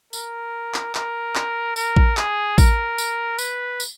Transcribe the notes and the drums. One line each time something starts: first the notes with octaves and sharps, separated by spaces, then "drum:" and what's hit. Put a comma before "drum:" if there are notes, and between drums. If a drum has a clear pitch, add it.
A#4, drum: tambourine
drum: clap
A#4, drum: clap
drum: clap
A#4, drum: tambourine
drum: kick A1
G#4, drum: clap
A#4, drum: kick A1, tambourine
drum: tambourine
B4, drum: tambourine
drum: tambourine